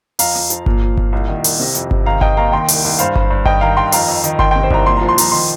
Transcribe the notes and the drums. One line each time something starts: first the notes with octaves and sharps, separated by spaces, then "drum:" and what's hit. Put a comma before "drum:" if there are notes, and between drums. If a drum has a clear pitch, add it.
F2 F5 A#5, drum: open hi-hat
F2
F3, drum: hi-hat
A#2, drum: kick G1
F3
A#2, drum: kick G1
C2
D#3
C2, drum: open hi-hat
C3
F2, drum: hi-hat
C3, drum: kick G1
D#3 F5 A#5
D#3 D#5 G5, drum: kick G1
D#2 F5 A#5
D#3 G5 C6
C2, drum: open hi-hat
C2
G2 C5 F5, drum: hi-hat
G2, drum: kick G1
G2
D#3 D#5 G5, drum: kick G1
D#3 F5 A#5
D#3 G5 C6
F2 F5 A#5, drum: open hi-hat
F2
D#3, drum: hi-hat
D#3 G5 C6, drum: kick G1
C3 G5 C6
C5
C2 A#5, drum: kick G1
A#2 C6
F3 A#5
C6
F3 A#5, drum: open hi-hat
D#3 C6